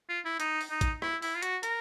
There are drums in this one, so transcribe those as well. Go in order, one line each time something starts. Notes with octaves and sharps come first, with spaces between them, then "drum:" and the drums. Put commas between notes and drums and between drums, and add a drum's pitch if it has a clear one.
F4
E4
D#4, drum: hi-hat
drum: open hi-hat
D#4
drum: kick A1, hi-hat
E4, drum: rim click
E4, drum: open hi-hat
F4
F#4, drum: hi-hat
A#4, drum: hi-hat